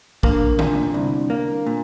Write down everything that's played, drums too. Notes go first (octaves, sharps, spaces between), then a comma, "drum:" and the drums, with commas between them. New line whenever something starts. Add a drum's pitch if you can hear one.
A#3 D4, drum: kick
A#2, drum: tom D3
C2
A#3
A#2